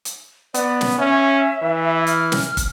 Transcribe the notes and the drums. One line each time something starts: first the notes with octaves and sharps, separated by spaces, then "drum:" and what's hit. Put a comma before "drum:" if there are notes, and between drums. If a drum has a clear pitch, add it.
drum: hi-hat
B3 D5, drum: hi-hat
drum: snare
C#4 E5
E3
F6, drum: hi-hat
drum: snare
drum: kick, hi-hat